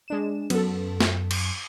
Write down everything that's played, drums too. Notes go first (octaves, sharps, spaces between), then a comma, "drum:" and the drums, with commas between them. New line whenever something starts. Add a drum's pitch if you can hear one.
G#3 D4 E7
F#2 B3 A4, drum: cymbal
drum: snare
drum: cymbal